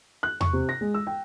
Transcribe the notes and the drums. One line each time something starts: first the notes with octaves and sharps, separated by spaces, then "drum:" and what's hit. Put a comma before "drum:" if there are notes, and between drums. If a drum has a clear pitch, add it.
F#6
C#6, drum: tom E2
C3
A#6
G#3
E6
G5